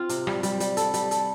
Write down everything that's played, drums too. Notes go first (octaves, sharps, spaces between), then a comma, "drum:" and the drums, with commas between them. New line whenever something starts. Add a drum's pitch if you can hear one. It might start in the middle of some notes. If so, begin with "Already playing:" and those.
Already playing: C4 F4
C3, drum: hi-hat
G3, drum: rim click
G3, drum: hi-hat
G3, drum: hi-hat
A4, drum: hi-hat
G3, drum: hi-hat
A4, drum: hi-hat